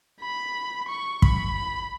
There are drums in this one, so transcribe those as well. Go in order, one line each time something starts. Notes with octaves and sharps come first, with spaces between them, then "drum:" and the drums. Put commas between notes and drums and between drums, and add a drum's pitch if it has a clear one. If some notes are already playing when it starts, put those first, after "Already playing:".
B5
C#6
B5, drum: kick